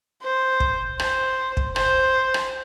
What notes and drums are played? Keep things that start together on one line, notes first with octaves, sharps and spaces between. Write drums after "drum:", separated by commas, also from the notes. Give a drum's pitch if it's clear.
C5
drum: kick
C5, drum: rim click
drum: kick
C5, drum: rim click
drum: rim click